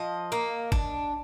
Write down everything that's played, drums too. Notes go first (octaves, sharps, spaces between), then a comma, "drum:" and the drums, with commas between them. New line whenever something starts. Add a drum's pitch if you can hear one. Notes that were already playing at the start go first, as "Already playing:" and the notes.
Already playing: F3 D#5
A#3
D4, drum: kick G1